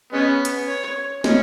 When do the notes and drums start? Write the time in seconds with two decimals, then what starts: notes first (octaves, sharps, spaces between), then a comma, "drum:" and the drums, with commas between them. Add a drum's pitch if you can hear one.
0.13 G#3 B3 C#4
0.45 drum: hi-hat
0.68 C#5
1.24 G#3 C#4, drum: snare